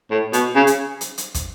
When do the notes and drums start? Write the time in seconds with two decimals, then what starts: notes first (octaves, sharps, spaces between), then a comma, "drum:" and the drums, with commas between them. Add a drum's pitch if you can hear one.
0.11 A2
0.33 B2, drum: hi-hat
0.56 C#3
0.67 drum: hi-hat
1.01 drum: hi-hat
1.18 drum: hi-hat
1.34 drum: kick, hi-hat